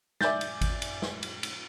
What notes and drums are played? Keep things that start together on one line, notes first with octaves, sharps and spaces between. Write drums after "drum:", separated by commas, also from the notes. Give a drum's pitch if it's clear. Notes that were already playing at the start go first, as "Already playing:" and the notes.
D5 E5 G#5 G6 A6, drum: snare
drum: cymbal
drum: kick G#1, cymbal
drum: cymbal
drum: snare
drum: cymbal
drum: cymbal